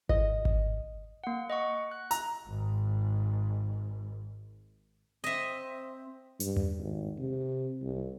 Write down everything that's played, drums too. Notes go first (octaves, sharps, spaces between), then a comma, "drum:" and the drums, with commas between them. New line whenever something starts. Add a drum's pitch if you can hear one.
D#5, drum: kick G#1
drum: kick G#1
A#3 F#5
D#5 F#5 C#6
F#6
A#5, drum: hi-hat
G#1 G#2
C4 D#5 E5
G2, drum: hi-hat
drum: tom E2
G#1
C3
C2